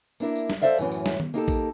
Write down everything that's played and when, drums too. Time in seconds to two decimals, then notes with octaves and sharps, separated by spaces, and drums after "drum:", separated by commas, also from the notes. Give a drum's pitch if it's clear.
0.20 A#3 D4 E4 A#4, drum: tambourine
0.36 drum: tambourine
0.50 drum: snare
0.62 A4 B4 C5 D5 E5 F5, drum: tambourine
0.78 F#2 A2 E3 C#4, drum: tambourine
0.92 drum: tambourine
1.06 drum: snare
1.20 drum: tom D#3
1.34 A#3 D#4 G4 A4, drum: tambourine
1.48 drum: kick A1, tambourine